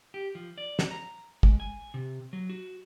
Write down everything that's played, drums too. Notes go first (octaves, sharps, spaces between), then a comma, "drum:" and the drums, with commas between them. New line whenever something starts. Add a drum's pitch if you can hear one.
G4
F3
D5
drum: snare
A#5
G#3, drum: kick
G#5
C3
F#3
F#4